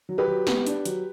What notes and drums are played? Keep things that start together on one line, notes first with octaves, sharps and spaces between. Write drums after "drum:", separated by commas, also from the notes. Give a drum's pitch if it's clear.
F#3
G4 B4
F#3
B3, drum: snare
D4, drum: hi-hat
F#3, drum: hi-hat